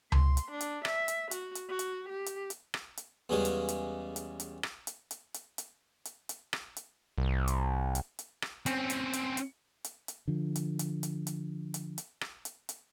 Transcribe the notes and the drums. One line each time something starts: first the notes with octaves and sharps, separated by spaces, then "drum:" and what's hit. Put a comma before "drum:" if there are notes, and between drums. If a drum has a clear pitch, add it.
C6, drum: tom C#2
drum: hi-hat
D4
drum: hi-hat
E5, drum: rim click
drum: hi-hat
F#4, drum: hi-hat
drum: hi-hat
F#4
drum: hi-hat
G4
drum: hi-hat
drum: hi-hat
drum: rim click
drum: hi-hat
E2 C#3 G3 G#3
drum: hi-hat
drum: hi-hat
drum: hi-hat
drum: hi-hat
drum: rim click
drum: hi-hat
drum: hi-hat
drum: hi-hat
drum: hi-hat
drum: hi-hat
drum: hi-hat
drum: rim click
drum: hi-hat
C2
drum: hi-hat
drum: hi-hat
drum: hi-hat
drum: rim click
C4 C#4, drum: hi-hat
drum: hi-hat
drum: hi-hat
drum: hi-hat
drum: hi-hat
drum: hi-hat
D3 F3
drum: hi-hat
drum: hi-hat
drum: hi-hat
drum: hi-hat
drum: hi-hat
drum: hi-hat
drum: rim click
drum: hi-hat
drum: hi-hat